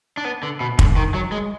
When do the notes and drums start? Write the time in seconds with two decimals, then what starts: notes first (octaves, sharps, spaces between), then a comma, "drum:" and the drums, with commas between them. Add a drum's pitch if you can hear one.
0.17 D4
0.25 B3
0.43 D3
0.60 B2
0.79 D3, drum: kick
0.96 D#3
1.14 F#3
1.32 G#3